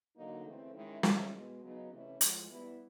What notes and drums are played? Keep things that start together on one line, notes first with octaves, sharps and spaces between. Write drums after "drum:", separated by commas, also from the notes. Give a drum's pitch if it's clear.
D3 F#3 A#3 D#4
C#3 E3 A3 C4 E4
D#3 G#3 C#4 E4
F3 G#3 C#4 E4, drum: snare
B2 G#3 B3
C#3 F#3 B3 D#4
C3 E3 A3 C#4 E4
A2 F3 G#3, drum: hi-hat
E3 G3 B3 E4